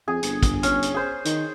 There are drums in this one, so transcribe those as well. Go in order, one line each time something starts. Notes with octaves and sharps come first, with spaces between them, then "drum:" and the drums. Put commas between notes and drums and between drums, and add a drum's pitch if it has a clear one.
F2 G#4
G1, drum: hi-hat
drum: kick, hi-hat
C#4, drum: hi-hat
drum: hi-hat
G#4 C5
D#3, drum: hi-hat